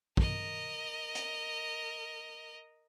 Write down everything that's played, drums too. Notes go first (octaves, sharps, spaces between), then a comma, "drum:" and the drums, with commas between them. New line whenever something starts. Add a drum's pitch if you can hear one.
A#4 D#5, drum: kick
drum: hi-hat